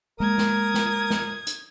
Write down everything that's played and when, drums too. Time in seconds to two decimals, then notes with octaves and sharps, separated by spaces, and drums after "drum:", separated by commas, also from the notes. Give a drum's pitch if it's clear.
0.20 G#3 A#3 A#4 D#6 G#6
0.38 drum: snare
0.74 drum: snare
1.10 drum: snare
1.47 drum: hi-hat